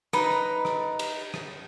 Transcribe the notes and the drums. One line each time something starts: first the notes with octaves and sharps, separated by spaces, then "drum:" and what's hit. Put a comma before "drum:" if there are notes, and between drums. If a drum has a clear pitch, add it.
D#4 B4, drum: rim click
drum: rim click
drum: rim click
drum: cymbal
drum: rim click